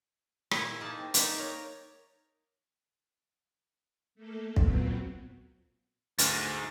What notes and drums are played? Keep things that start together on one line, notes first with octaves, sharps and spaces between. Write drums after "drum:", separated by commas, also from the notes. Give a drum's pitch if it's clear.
A#2 E4, drum: rim click
A#3 D#4 G#4 A5
C4
G#3 A#3 D#4 G4 D5, drum: hi-hat
A#4 C#5 A#5
A3 A#3 A4
A#2 F#3 B3 C4, drum: kick
D2 G#2 G#3 F6 A6, drum: hi-hat